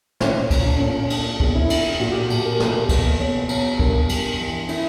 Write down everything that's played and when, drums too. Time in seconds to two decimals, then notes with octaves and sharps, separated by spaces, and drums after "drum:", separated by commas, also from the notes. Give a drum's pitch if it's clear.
0.20 A#2 C#4, drum: snare
0.50 A#2, drum: kick, cymbal
0.65 D4
0.76 A#2 C#4
0.98 C#4
1.10 D3 D4, drum: cymbal
1.40 E2, drum: kick
1.55 E4
1.70 D3, drum: cymbal
2.00 A#2 F#4
2.12 G4
2.24 F#4
2.30 A#2, drum: cymbal
2.45 A#4
2.53 G4
2.60 A#2 A#4, drum: snare
2.89 E2 B4, drum: kick, cymbal
3.19 B2 C#5
3.49 B2 C#5, drum: cymbal
3.79 G2 A#4, drum: kick
4.09 G2, drum: cymbal
4.39 E3
4.69 E4, drum: cymbal